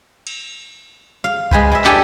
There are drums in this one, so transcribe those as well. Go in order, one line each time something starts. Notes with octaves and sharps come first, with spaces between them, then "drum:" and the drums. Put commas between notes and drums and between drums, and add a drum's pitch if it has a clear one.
drum: cymbal
F5
G#3 G#4 B4 C5, drum: kick C2
G#3 G#4 E5
D4 G4 A4 G#5, drum: clap